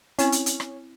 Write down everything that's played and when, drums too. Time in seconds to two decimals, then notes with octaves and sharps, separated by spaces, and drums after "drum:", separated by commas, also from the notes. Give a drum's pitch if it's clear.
0.19 C4 C#4 E4, drum: hi-hat
0.32 drum: hi-hat
0.46 drum: hi-hat
0.60 drum: rim click